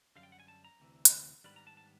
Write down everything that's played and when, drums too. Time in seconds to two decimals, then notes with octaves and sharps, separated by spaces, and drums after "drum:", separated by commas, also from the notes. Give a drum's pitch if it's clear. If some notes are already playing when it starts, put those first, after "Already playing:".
0.16 F#2 D3 G3 F5
0.23 G5
0.32 F#5
0.40 G#5
0.48 A5
0.64 A#5
0.80 D2 C3 E3
1.05 drum: hi-hat
1.44 G#2 D#3 G3 B3 D4 B5
1.56 A#5
1.67 A5
1.77 A5